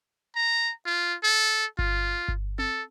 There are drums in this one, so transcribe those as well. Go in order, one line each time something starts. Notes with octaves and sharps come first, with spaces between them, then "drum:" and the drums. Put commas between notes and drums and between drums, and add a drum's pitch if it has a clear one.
A#5
F4
A4
F4, drum: kick G1
drum: kick G1
A4, drum: tom C4